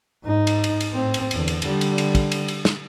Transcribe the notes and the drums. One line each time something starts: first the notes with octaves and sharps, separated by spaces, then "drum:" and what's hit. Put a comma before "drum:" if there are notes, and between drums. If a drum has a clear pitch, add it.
G#2 D#4
drum: cymbal
drum: cymbal
drum: cymbal
A2 C4
drum: cymbal
E2 D3, drum: cymbal
drum: cymbal
D3 G3, drum: cymbal
drum: cymbal
drum: cymbal
drum: kick, cymbal
drum: cymbal
drum: cymbal
drum: snare